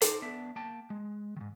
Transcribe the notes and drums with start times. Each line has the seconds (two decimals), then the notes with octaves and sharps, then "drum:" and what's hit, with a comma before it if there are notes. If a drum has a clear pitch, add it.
0.01 D#4 C5, drum: hi-hat
0.22 B3 D4 E5
0.56 A#3 G5 A5
0.90 G#3
1.36 G#2 D#3